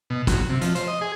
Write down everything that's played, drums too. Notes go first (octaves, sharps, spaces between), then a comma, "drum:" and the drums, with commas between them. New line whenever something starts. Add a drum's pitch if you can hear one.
B2
F#3, drum: kick, hi-hat
C3
F3, drum: hi-hat
C5, drum: hi-hat
D#5
G#4